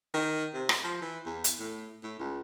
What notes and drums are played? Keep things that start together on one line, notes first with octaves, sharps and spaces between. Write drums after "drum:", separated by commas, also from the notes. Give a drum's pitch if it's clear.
D#3
C3
drum: rim click
F3
E3
E2
drum: hi-hat
A2
A2
C#2